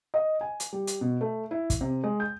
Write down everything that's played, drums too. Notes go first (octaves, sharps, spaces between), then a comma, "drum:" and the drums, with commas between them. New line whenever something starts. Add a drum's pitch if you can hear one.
D#5
G#5
drum: hi-hat
G3
drum: hi-hat
B2
A3
E4
drum: kick, hi-hat
C3
G#3
G6